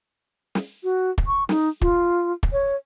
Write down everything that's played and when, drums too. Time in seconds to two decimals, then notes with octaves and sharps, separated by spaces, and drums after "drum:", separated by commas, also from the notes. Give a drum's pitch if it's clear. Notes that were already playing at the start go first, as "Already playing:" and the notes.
0.55 drum: snare
0.84 F#4
1.18 drum: kick
1.27 C#6
1.49 D#4, drum: snare
1.81 F4, drum: kick
2.43 drum: kick
2.52 C#5